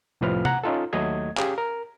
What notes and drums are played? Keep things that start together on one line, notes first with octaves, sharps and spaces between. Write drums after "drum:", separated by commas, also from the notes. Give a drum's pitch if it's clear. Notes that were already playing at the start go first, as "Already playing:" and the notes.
C2 F2 A2 F3 B4 F6
F#5 A#5, drum: tom C3
C#4 D#4 F4 A4
D#2 F#3 A3 D#5 G#6
C#4 G4 G#4 F5, drum: clap
A#4